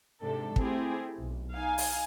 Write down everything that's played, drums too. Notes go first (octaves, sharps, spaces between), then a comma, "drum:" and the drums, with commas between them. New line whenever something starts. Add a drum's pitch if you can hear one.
G#2 C3 D4 A4
A3 C4 E4 G4 G#4, drum: kick
B1
D#4 F5 G#5
drum: open hi-hat